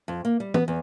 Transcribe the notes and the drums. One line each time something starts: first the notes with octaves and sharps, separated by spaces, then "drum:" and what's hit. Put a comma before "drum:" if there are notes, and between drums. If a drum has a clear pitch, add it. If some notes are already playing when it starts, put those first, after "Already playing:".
F2
A#3
G3
B3, drum: tom E3
E2